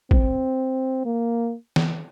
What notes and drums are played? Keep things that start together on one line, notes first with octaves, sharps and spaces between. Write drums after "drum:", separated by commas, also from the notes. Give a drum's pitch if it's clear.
C4, drum: kick A#1
A#3
drum: snare E3